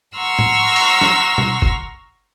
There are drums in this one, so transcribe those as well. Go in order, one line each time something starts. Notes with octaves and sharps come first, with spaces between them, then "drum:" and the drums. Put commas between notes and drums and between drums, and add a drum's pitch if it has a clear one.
F#5 A#5 C6 C#6 E6 F6
drum: tom A2
drum: cymbal
drum: snare
drum: tom
drum: kick F#1